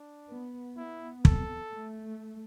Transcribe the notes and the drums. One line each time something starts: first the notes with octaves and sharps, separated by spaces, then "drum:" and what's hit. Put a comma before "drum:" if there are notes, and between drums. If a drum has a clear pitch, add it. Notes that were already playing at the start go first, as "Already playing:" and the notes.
Already playing: D4
B3
B3 E4
A4, drum: kick
A3